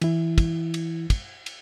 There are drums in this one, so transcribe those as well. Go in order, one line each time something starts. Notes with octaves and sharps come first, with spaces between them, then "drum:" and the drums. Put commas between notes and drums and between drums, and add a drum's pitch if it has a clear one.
E3 E4, drum: cymbal
drum: kick, cymbal
drum: cymbal
drum: kick, cymbal
drum: cymbal